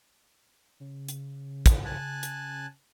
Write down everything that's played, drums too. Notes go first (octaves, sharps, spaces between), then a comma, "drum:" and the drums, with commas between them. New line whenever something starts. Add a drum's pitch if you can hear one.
C#3
drum: hi-hat
drum: kick, hi-hat
G#5 A5 F#6
drum: hi-hat